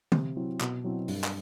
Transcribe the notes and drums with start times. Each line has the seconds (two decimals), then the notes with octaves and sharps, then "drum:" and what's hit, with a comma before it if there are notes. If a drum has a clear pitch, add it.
0.12 C3, drum: tom D3
0.37 F#3 C4 E4
0.61 B2, drum: clap
0.84 F#3 C4 E4
1.08 G2, drum: open hi-hat
1.24 drum: clap